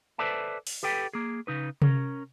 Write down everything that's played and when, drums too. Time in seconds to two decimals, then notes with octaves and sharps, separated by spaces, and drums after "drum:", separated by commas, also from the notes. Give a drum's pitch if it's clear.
0.18 A4 B4 C5 D5 E5 A5
0.67 drum: open hi-hat
0.83 G4 A4 B4 G5
1.13 A#3 G#4
1.47 C#3 D#4 B4
1.82 C#4 A#4, drum: tom C3